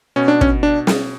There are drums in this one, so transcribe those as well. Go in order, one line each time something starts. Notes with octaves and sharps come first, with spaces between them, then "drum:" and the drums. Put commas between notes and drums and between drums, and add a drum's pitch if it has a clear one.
B2 C#4
D4
C#4, drum: kick
D4
drum: snare